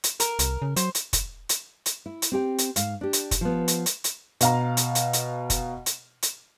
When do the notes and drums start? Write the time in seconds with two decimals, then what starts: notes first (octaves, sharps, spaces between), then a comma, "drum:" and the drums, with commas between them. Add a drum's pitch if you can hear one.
0.04 drum: hi-hat
0.20 A#4, drum: hi-hat
0.39 C2, drum: hi-hat
0.62 C#3
0.76 F#3 C5, drum: hi-hat
0.95 drum: hi-hat
1.13 drum: kick, hi-hat
1.49 drum: hi-hat
1.86 drum: hi-hat
2.06 E4
2.22 drum: hi-hat
2.32 C4 G4 G5
2.58 drum: hi-hat
2.76 G#2 F5, drum: hi-hat
3.01 D4 G4
3.13 drum: hi-hat
3.31 drum: kick, hi-hat
3.41 F3 B3
3.68 drum: hi-hat
3.86 drum: hi-hat
4.04 drum: hi-hat
4.41 B2 F5 A#5, drum: hi-hat
4.77 drum: hi-hat
4.95 drum: hi-hat
5.13 drum: hi-hat
5.50 drum: kick, hi-hat
5.86 drum: hi-hat
6.22 drum: hi-hat